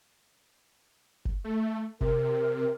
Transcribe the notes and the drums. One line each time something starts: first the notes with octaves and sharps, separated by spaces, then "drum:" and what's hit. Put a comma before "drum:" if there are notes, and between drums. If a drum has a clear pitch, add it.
drum: kick F#1
A3
C3 A#4, drum: kick F#1